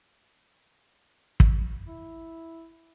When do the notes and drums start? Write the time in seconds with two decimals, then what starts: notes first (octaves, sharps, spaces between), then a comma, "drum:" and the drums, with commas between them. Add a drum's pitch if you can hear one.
1.40 drum: kick
1.88 E4